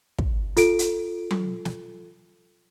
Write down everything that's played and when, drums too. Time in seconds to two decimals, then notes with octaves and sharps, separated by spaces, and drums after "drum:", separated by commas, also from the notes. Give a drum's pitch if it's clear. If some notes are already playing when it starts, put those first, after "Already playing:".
0.18 drum: kick
0.57 F4 A4 D7, drum: hi-hat
0.79 drum: hi-hat
1.31 drum: tom F#3
1.65 drum: snare